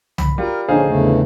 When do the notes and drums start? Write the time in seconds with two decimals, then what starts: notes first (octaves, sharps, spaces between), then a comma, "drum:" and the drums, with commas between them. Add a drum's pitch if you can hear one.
0.18 B5, drum: tom C2
0.38 G3 F4 A#4
0.68 A#1 D3 C#4 D#4 G#4 C5 F5
0.86 E2 C#3 A3